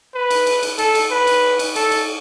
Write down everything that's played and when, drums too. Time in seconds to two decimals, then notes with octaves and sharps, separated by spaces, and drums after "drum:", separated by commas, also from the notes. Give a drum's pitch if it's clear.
0.14 B4
0.30 drum: cymbal
0.47 drum: cymbal
0.63 drum: cymbal
0.78 A4, drum: cymbal
0.95 drum: cymbal
1.11 B4
1.27 drum: cymbal
1.59 drum: cymbal
1.76 A4, drum: cymbal
1.92 drum: cymbal